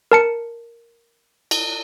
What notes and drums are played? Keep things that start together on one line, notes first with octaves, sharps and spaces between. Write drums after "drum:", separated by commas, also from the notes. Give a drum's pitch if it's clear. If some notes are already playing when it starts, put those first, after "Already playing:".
A#4 A5 C#7
drum: cymbal